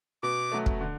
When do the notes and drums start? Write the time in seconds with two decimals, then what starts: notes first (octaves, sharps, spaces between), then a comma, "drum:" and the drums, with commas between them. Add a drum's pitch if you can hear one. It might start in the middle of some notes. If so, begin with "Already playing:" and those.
0.23 B2 D6
0.52 F#3 A3
0.66 drum: kick
0.81 D3